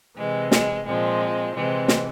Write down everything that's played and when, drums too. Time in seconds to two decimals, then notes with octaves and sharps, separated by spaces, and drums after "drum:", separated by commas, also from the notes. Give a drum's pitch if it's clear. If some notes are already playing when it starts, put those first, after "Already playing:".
0.17 C3 E3 G#3
0.51 G#3, drum: snare
0.85 A#2 F3 G#3 C4
1.55 C3 E3 G#3 C4
1.88 drum: snare